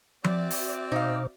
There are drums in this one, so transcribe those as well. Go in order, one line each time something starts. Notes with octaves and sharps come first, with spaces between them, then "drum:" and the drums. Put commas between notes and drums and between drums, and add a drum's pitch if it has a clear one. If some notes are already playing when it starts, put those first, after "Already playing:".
C4 F#4 D5 E5, drum: tom F3
drum: open hi-hat
B2 D#4 C5 F5 D6